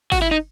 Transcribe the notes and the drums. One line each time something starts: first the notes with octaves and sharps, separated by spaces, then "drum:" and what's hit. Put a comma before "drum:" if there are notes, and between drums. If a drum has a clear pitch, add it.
F#4, drum: kick, open hi-hat
E4
D#4